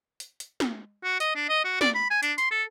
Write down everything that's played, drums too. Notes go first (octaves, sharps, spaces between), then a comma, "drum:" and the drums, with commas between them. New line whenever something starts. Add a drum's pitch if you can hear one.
drum: hi-hat
drum: hi-hat
drum: snare
F#4
D#5, drum: hi-hat
D4
D#5
F#4
D5, drum: snare
B5
G#5
D4, drum: hi-hat
C6, drum: hi-hat
A4